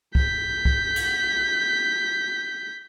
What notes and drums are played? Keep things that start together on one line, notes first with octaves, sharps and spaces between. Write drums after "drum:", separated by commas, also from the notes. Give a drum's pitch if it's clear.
G6 B6, drum: kick C2
drum: kick C2
drum: cymbal